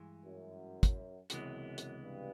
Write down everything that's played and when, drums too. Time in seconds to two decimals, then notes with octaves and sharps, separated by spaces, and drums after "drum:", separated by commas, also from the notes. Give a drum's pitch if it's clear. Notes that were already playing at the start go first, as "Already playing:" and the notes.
Already playing: G2 E3 G#3
0.24 F#2
0.83 drum: kick, hi-hat
1.30 C#2 F#2 C3 E3 G#3 B3, drum: hi-hat
1.78 drum: hi-hat
2.01 G2